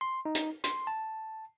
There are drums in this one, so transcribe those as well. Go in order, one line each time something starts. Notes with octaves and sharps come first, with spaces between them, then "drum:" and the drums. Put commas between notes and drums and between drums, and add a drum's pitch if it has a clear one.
C6
D#4
drum: hi-hat
C6, drum: hi-hat
A5